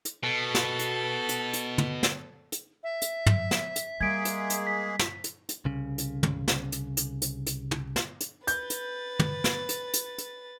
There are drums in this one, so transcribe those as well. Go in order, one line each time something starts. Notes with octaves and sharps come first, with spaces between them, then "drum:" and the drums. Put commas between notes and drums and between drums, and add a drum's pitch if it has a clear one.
drum: hi-hat
B2 A4
drum: snare
drum: hi-hat
drum: hi-hat
drum: hi-hat
drum: tom
drum: snare
drum: hi-hat
E5
drum: hi-hat
drum: tom
drum: snare
drum: hi-hat
G3 G#3 A#3 G#4 G#6 B6 D7
drum: hi-hat
drum: hi-hat
B6
drum: snare
drum: hi-hat
drum: hi-hat
C2 C#3
drum: hi-hat
drum: tom
drum: snare
drum: hi-hat
drum: hi-hat
drum: hi-hat
drum: hi-hat
drum: tom
drum: snare
drum: hi-hat
B4 G6 A6, drum: hi-hat
drum: hi-hat
drum: tom
drum: snare
drum: hi-hat
drum: hi-hat
drum: hi-hat